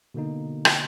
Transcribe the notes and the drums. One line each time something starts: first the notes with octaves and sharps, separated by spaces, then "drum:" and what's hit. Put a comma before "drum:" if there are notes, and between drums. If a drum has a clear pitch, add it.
B2 D3 A#3 D#4
drum: rim click